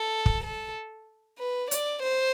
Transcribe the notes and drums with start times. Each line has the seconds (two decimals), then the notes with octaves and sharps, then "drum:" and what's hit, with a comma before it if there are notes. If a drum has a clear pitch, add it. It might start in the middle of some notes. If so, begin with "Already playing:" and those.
Already playing: A4
0.26 drum: kick
0.44 A4
1.39 B4
1.71 D5, drum: hi-hat
2.03 C5